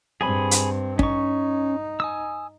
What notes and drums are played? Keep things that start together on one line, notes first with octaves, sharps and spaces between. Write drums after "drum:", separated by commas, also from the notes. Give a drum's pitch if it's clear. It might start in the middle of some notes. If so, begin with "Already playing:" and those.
G2 C4 G#4 G#5 B5
drum: hi-hat
C#4 D#4 C#6, drum: kick
G#5 D#6 E6